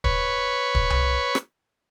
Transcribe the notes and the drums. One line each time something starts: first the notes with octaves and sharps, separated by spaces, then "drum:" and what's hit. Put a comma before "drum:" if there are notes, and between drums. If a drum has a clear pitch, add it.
B4 C#5, drum: kick
drum: kick
drum: tom C2
drum: rim click